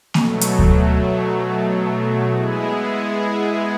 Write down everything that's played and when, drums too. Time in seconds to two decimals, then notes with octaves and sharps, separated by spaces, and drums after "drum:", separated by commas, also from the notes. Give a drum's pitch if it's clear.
0.14 B2 F#3 A3, drum: snare A#3
0.41 drum: hi-hat
0.59 drum: kick D2
2.33 G#3 B3 E4 G#4